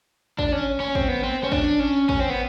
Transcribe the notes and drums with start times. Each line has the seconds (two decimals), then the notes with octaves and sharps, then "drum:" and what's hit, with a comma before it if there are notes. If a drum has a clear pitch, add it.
0.39 D4, drum: kick
0.52 C#4
0.80 C#4
0.95 C4, drum: kick
1.08 B3
1.23 C4
1.44 C#4
1.52 D4, drum: kick
1.80 C#4
2.09 C#4, drum: kick
2.20 C4
2.30 B3